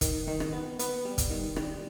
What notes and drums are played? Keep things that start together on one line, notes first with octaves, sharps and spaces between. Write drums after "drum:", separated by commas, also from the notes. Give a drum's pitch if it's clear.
D#3, drum: kick, hi-hat
D#3
drum: rim click
B3
B3, drum: hi-hat
G3
drum: kick, hi-hat
D#3
G3, drum: rim click